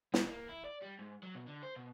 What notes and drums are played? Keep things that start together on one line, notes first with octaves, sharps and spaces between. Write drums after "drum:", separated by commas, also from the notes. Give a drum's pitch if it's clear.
B2, drum: snare
A#3
E4
D5
G3
G#2
F#3
B2
D3
C5
B2